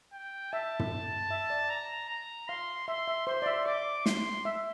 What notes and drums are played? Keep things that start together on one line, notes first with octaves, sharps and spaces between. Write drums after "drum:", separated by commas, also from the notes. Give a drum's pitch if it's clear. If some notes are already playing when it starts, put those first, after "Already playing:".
G5
E5 A5
drum: tom
E5
D5
A#5
A#5
F5 C6
E5 C6
E5
C5 C6
D5
E5
D5 D6
C6, drum: snare
E5